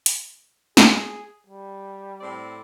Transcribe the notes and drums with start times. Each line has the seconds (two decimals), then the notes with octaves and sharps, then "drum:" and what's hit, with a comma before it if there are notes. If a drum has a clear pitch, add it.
0.06 drum: hi-hat
0.77 G#4, drum: snare
1.46 G3
2.21 A2 C4 D5